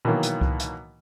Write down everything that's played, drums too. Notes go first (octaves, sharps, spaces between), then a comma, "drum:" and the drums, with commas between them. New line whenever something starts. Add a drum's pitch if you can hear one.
B2 D#3 E3 F#3 A#3
drum: hi-hat
drum: kick C2
drum: hi-hat